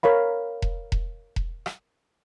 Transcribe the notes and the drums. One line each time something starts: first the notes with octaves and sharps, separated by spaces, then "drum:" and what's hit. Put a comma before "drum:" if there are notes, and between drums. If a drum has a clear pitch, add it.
A#4 C#5 F5 B5
drum: kick E1
drum: kick E1
drum: kick E1
drum: rim click